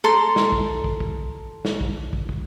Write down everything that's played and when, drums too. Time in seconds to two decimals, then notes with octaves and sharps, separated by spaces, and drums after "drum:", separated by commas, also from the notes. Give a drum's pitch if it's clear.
0.04 A4 A#5 C6
0.36 drum: snare
0.52 drum: kick
0.84 drum: kick
1.00 drum: kick
1.65 drum: snare
1.81 drum: kick
2.13 drum: kick
2.29 drum: kick